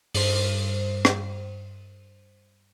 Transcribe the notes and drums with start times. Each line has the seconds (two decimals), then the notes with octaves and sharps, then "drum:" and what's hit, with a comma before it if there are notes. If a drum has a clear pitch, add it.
0.14 G2 C5, drum: open hi-hat
1.05 drum: rim click